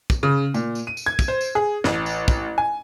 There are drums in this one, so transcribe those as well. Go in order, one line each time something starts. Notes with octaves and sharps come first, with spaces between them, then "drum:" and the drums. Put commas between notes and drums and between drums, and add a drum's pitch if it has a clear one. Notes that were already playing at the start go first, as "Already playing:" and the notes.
drum: kick, tambourine
C#3
A#2, drum: tambourine
drum: tambourine
D#7
drum: tambourine
G#6
drum: kick, tambourine
C5
drum: tambourine
G#4
A1, drum: snare
drum: tambourine
drum: kick, tambourine
G#5